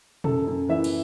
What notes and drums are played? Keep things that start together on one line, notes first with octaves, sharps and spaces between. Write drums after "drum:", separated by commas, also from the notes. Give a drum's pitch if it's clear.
F#2 A4, drum: tom A#2
F#2
E3 E5
drum: cymbal